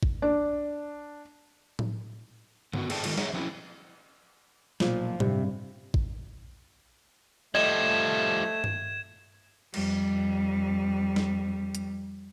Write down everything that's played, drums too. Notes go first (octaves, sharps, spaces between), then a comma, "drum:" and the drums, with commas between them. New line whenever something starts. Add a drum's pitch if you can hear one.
drum: kick A1
D4
drum: tom A2
D3 B3 D#4 F#4, drum: tom G2
G#2 G#4 A4 D5 G5 A5, drum: cymbal
D#3 G#3 F4 A4, drum: cymbal
G#4 C#5 D#5 E5 F#5 A#5, drum: snare
F3 F#3 C4 C#4 D#4 E4
B1 A#2 F3, drum: snare
G2 C3, drum: tom A2
drum: kick A1
F3 G3 A3 D#5 G#6 E7
drum: tom G2
F2 G3, drum: cymbal
drum: snare
drum: hi-hat